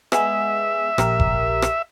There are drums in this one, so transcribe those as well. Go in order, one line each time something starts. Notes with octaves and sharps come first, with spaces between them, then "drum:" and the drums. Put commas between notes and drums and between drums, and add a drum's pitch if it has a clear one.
G#3 B3 G#4 E5, drum: rim click
A#1 G4 A#4, drum: rim click
drum: kick F1
drum: rim click